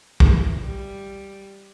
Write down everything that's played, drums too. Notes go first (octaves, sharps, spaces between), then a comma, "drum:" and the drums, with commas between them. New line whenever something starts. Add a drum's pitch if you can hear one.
E3, drum: kick
G3